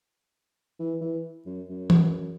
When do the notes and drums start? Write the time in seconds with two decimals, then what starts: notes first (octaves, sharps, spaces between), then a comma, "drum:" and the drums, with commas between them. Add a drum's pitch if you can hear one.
0.79 E3
1.01 E3
1.46 F#2
1.69 F#2
1.90 drum: tom E3